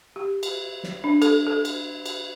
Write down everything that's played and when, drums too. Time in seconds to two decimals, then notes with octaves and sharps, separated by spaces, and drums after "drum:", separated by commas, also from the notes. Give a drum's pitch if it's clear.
0.16 G4
0.43 drum: cymbal
0.83 drum: snare
1.04 D4
1.22 A4, drum: cymbal
1.47 A4
1.65 drum: cymbal
2.06 drum: cymbal